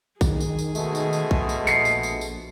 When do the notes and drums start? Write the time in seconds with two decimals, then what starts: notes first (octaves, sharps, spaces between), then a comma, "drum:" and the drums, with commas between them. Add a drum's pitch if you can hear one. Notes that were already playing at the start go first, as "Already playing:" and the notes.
0.21 D#3 G#4, drum: kick A#1, tambourine
0.40 drum: tambourine
0.59 drum: tambourine
0.75 B2 G#3 A3, drum: tambourine
0.95 drum: tambourine
1.13 drum: tambourine
1.31 drum: kick A#1
1.49 drum: tambourine
1.67 A#1 C7 C#7, drum: tambourine
1.85 drum: tambourine
2.03 drum: tambourine
2.21 drum: tambourine